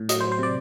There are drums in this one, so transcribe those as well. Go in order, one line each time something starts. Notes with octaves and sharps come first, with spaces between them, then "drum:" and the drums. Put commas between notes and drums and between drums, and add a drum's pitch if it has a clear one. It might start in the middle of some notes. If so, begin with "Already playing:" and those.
Already playing: A2
F#3 D#5, drum: hi-hat
C5
F#3
C5
C3 D5